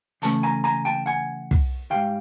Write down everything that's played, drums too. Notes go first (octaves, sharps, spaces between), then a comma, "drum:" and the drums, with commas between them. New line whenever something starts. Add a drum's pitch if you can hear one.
C#3 E3 A3 C#4 A5, drum: hi-hat
G#5 A#5
G#5 A#5
G5 A5
F#5 G#5
drum: kick
G#2 E3 G3 F5 G5